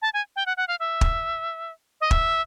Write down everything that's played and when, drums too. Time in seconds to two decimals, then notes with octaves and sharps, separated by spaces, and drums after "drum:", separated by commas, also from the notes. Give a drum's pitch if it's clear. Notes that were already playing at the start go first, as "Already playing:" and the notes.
0.02 A5
0.14 G#5
0.36 G5
0.46 F#5
0.57 F#5
0.68 F5
0.80 E5
1.01 drum: kick
2.01 D#5
2.11 E5, drum: kick